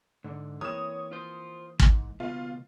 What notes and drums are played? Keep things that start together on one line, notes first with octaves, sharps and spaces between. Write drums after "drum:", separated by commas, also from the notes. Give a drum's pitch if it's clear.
G#2 D3 D4
E3 A#3 C4 C#5 D#6 E7
F4 C5
G#2, drum: kick
C#2 B2 F4